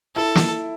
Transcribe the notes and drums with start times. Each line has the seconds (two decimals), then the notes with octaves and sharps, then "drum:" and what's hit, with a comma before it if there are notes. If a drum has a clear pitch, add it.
0.16 E4 A4
0.35 drum: snare